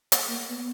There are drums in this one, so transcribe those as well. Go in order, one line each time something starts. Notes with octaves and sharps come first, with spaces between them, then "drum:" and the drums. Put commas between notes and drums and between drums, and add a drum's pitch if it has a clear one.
drum: hi-hat
A#3
B3